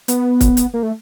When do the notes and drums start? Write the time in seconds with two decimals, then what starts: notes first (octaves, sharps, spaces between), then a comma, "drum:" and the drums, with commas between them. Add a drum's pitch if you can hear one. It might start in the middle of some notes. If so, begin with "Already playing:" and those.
0.08 B3, drum: hi-hat
0.41 drum: kick, hi-hat
0.57 drum: hi-hat
0.74 A#3
0.83 A3